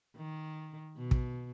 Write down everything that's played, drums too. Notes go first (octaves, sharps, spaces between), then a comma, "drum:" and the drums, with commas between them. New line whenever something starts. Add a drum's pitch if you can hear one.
D#3
B2
drum: kick